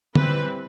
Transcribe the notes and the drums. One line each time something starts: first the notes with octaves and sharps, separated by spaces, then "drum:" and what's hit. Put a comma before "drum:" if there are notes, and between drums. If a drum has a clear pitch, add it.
E3 G3 C4 B4, drum: tom D3